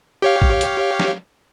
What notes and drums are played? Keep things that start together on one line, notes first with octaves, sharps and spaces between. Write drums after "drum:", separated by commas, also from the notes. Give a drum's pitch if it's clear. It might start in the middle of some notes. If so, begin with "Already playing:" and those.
G4 C#5 F5
drum: kick
drum: hi-hat
drum: snare